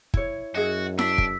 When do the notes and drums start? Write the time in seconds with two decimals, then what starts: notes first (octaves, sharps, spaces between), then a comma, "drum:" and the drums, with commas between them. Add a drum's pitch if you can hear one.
0.14 E4 C#5, drum: kick
0.55 F#2 E4 F#4 G#4 D#5
0.99 D4 E6 B6, drum: snare E4
1.18 drum: kick